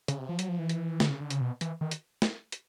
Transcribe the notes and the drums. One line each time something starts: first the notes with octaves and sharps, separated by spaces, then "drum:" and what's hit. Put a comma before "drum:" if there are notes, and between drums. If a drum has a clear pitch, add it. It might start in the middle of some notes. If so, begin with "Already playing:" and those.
C#3, drum: hi-hat
C3
F3
F#3, drum: hi-hat
F3
E3
drum: hi-hat
D3, drum: snare
C#3
D3
C#3, drum: hi-hat
B2
E3, drum: hi-hat
D#3
drum: hi-hat
drum: snare
drum: hi-hat